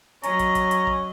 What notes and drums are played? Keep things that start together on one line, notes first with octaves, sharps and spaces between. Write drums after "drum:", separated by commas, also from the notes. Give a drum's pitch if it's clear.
F#3 C#4 D#5 A#5, drum: hi-hat
drum: kick, hi-hat
drum: kick, hi-hat
drum: hi-hat
drum: kick